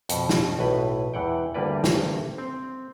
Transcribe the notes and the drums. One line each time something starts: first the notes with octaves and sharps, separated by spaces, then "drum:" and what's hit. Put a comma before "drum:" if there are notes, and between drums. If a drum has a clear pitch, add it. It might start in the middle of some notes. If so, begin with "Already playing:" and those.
F2 B2, drum: hi-hat
drum: snare
B1 A2 B4
E2 E3 F#5 G5
D2 G2 G3 A#3 B4 D5
drum: snare
C4